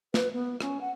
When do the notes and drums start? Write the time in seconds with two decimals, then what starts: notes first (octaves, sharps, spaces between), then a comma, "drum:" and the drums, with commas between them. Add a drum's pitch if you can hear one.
0.14 B4, drum: snare
0.33 B3
0.60 C#4, drum: rim click
0.81 F#5